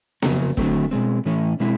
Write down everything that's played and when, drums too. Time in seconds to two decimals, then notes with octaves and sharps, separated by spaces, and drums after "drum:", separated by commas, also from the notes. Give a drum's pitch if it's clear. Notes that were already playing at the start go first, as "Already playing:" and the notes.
0.22 F2 C#3 F#3 A#3 C#4, drum: snare B3
0.57 D3 F#3 A3 C4, drum: kick
0.91 B2 G#3 C4
1.25 A2 E3 A3 C#4
1.60 B2 G#3 C4 E4